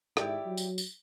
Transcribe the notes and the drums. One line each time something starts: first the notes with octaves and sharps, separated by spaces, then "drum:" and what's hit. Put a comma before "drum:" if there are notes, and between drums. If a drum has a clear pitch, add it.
G#2 E4 G4 D5, drum: rim click
F#3
drum: tambourine
drum: tambourine